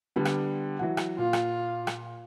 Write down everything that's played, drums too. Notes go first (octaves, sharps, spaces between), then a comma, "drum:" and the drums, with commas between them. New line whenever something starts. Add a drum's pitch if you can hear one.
D3 G3 B3
drum: rim click
E3 F#3 F#5
drum: rim click
A#2 F4
drum: rim click
drum: rim click